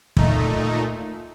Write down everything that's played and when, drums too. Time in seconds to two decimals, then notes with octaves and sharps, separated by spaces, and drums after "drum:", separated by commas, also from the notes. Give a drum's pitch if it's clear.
0.17 A#2 A3 D#4, drum: kick